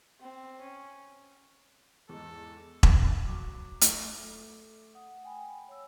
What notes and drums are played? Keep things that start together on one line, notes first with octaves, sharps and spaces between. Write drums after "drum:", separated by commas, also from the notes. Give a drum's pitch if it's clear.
C4
C#4
E2 G#2 A4
drum: kick E1
F#3 D6
A3, drum: hi-hat
F#5 D#6
G5 G#5 B5
C#5 E6